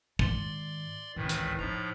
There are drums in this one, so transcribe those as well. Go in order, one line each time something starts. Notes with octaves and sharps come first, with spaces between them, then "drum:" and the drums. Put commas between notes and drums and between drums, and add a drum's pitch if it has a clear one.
G#2 D#3 D5 C6, drum: kick
G#1 C#2 A2 D#3 E3
drum: hi-hat
A2 F3 D#4 A#5